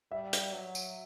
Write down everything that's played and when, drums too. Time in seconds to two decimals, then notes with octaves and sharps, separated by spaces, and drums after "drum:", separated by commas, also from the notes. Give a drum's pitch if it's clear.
0.12 G3 E5
0.33 drum: hi-hat
0.53 F#3
0.75 drum: tambourine